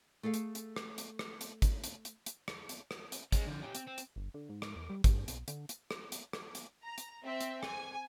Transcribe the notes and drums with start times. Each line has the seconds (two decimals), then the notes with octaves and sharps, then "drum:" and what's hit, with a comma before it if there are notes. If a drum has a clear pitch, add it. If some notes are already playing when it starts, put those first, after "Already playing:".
0.23 A3 G#4 A4 F5
0.34 drum: hi-hat
0.55 drum: hi-hat
0.76 drum: rim click
0.98 drum: hi-hat
1.19 drum: rim click
1.41 drum: hi-hat
1.62 drum: kick G#1, hi-hat
1.84 drum: hi-hat
2.05 drum: hi-hat
2.26 drum: hi-hat
2.48 drum: rim click
2.69 drum: hi-hat
2.91 drum: rim click
3.12 drum: hi-hat
3.32 G#3 C#4, drum: kick G#1, hi-hat
3.47 D3 F3
3.62 C#4 G4
3.75 C4, drum: hi-hat
3.87 C4
3.98 drum: hi-hat
4.16 G1
4.34 D3
4.49 G#2
4.62 drum: rim click
4.76 E2
4.90 G3
5.04 G2, drum: kick G#1, hi-hat
5.28 B1, drum: hi-hat
5.48 D3, drum: hi-hat
5.69 drum: hi-hat
5.91 drum: rim click
6.12 drum: hi-hat
6.33 drum: rim click
6.55 drum: hi-hat
6.83 A#5
6.98 drum: hi-hat
7.24 C4 E5
7.41 drum: hi-hat
7.63 G#5, drum: rim click